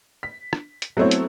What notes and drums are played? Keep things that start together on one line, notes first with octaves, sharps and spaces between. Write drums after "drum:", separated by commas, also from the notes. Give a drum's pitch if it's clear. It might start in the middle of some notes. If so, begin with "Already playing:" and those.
B6
drum: rim click
drum: hi-hat
F#3 A3 B3 C4 E4 C#5
drum: hi-hat